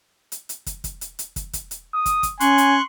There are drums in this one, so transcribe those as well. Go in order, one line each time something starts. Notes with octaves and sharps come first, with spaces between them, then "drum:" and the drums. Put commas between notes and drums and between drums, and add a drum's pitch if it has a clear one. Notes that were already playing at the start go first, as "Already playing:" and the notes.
drum: hi-hat
drum: hi-hat
drum: kick, hi-hat
drum: kick, hi-hat
drum: hi-hat
drum: hi-hat
drum: kick, hi-hat
drum: kick, hi-hat
drum: hi-hat
D#6
drum: kick, hi-hat
drum: kick, hi-hat
C#4 G#5 C6 C#6 F#6, drum: hi-hat
drum: hi-hat